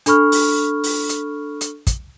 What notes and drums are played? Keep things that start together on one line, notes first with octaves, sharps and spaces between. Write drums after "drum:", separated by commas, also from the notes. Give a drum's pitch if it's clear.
D4 A4 B5 C#6 F6, drum: hi-hat
drum: open hi-hat
drum: open hi-hat
drum: hi-hat
drum: hi-hat
drum: kick, hi-hat